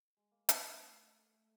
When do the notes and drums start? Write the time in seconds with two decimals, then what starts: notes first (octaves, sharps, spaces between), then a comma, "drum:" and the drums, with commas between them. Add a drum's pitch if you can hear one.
0.17 G#3
0.31 A#3
0.49 A2, drum: hi-hat
0.69 E4
0.86 A#3
1.02 D#5
1.16 A4
1.33 A3